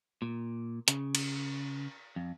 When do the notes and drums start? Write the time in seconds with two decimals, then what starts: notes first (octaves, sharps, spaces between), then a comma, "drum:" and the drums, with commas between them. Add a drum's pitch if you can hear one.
0.22 A#2
0.88 C#3, drum: hi-hat
1.15 drum: cymbal
2.16 F2